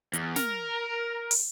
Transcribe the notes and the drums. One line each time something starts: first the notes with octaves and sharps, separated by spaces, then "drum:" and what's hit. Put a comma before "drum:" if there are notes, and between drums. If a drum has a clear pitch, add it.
E2, drum: hi-hat
A#4, drum: snare
drum: open hi-hat